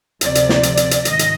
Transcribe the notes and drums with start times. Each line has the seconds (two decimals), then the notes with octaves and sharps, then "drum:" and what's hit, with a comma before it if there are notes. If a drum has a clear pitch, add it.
0.21 D2 C3 F3 D5, drum: hi-hat
0.35 drum: hi-hat
0.49 drum: snare
0.63 drum: hi-hat
0.77 drum: hi-hat
0.91 drum: hi-hat
1.05 G#2 D#3 D#5, drum: hi-hat
1.19 drum: hi-hat